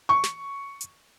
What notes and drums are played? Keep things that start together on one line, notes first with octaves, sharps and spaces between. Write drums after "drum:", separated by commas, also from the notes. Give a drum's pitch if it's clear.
C#6
drum: snare
drum: hi-hat